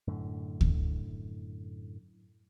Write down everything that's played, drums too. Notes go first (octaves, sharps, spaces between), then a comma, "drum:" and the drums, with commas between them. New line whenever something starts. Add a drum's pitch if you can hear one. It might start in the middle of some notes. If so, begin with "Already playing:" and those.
F#2 A2 D3
drum: kick D2